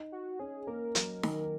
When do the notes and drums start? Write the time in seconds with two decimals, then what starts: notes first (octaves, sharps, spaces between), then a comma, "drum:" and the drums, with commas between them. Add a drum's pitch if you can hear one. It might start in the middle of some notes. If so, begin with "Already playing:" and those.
Already playing: D#4
0.12 F#4
0.39 C#4 G#4
0.67 A#3 A#4
0.95 F#3, drum: hi-hat
1.23 D#3, drum: snare D#4